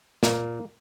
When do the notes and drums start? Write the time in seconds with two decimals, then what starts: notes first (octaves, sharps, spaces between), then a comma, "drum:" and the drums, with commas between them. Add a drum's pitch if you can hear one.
0.23 A#2 A#3, drum: snare